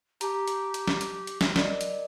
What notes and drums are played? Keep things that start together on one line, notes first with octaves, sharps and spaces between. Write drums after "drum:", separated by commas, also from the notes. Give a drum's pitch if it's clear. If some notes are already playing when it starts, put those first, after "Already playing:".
G4 A5 A#5, drum: hi-hat
drum: hi-hat
drum: hi-hat
drum: snare
drum: hi-hat
drum: hi-hat
drum: snare
A#4 D5 D#5, drum: snare
drum: hi-hat